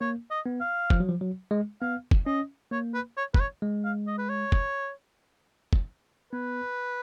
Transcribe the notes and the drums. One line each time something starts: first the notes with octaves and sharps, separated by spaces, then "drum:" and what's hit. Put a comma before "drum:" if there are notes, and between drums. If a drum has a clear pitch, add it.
A#3 C#5
D#5
B3
F5
F3, drum: kick
F#3
F3
F#3
G#3
B3 F5
drum: kick
C#4 D#5
A#3 C#5
B4
C#5
B4, drum: kick
C#5
G#3
F5
D#5
B4
C#5
drum: kick
drum: kick
B3 B4